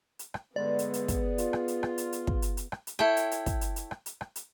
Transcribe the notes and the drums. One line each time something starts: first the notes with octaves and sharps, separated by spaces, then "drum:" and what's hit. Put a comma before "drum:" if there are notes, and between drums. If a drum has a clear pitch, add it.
drum: hi-hat
drum: rim click
G2 D3 G#3 B3 G#4 D5
drum: hi-hat
drum: hi-hat
drum: kick, hi-hat
F4, drum: hi-hat
drum: rim click
drum: hi-hat
drum: rim click
drum: hi-hat
drum: hi-hat
drum: kick
drum: hi-hat
drum: hi-hat
drum: rim click
drum: hi-hat
E4 A4 C#5 G5, drum: rim click
drum: hi-hat
drum: hi-hat
drum: kick, hi-hat
drum: hi-hat
drum: hi-hat
drum: rim click
drum: hi-hat
drum: rim click
drum: hi-hat